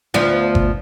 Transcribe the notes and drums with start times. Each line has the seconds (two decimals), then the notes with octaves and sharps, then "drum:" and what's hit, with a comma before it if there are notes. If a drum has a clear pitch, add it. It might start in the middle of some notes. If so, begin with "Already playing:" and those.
0.14 D2 F3 B3
0.55 drum: kick G1